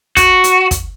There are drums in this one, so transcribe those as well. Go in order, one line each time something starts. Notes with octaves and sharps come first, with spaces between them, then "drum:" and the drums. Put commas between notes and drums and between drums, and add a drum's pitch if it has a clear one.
F#4, drum: kick, hi-hat
drum: hi-hat
drum: kick, hi-hat